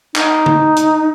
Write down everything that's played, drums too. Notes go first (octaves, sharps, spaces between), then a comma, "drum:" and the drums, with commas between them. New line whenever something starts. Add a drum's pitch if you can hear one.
D#4, drum: clap
drum: tom D3
drum: hi-hat